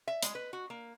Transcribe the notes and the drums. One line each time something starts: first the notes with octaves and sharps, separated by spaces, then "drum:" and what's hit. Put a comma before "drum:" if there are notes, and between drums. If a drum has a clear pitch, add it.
E5
G#3, drum: hi-hat
B4
F#4
A#3